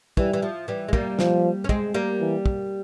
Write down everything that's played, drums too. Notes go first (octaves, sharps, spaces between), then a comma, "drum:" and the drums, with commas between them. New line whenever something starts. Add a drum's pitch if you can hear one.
E3 G3, drum: kick
E3
F3
E3 G3
G#3
G3 A#3, drum: kick
F3, drum: snare
C#4
G#3 C4, drum: kick
G3 A#3
E3
drum: kick